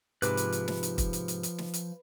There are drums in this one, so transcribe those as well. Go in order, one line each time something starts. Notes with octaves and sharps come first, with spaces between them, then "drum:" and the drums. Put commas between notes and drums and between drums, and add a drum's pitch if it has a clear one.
G#2 C3 F3 B4 D6 F#6, drum: hi-hat
drum: hi-hat
drum: hi-hat
drum: snare
drum: hi-hat
drum: kick, hi-hat
drum: hi-hat
drum: hi-hat
drum: hi-hat
drum: snare
drum: hi-hat